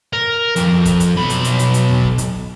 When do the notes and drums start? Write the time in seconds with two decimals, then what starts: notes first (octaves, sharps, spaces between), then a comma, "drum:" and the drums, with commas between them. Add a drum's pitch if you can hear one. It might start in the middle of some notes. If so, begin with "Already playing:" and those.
0.13 A#4
0.56 F2, drum: hi-hat
0.85 drum: kick, hi-hat
1.00 drum: hi-hat
1.17 B1 B5
1.30 drum: hi-hat
1.44 drum: hi-hat
1.59 drum: hi-hat
1.74 drum: hi-hat
1.89 drum: tom D#2
2.03 drum: kick
2.18 drum: hi-hat